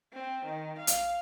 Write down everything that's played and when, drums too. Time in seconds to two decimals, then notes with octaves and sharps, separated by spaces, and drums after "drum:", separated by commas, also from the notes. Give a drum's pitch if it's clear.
0.13 C4
0.45 D#3
0.78 F5
0.87 drum: hi-hat